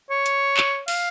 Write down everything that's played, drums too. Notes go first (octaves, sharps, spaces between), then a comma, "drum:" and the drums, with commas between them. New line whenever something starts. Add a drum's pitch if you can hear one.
C#5
drum: hi-hat
drum: clap
F5, drum: open hi-hat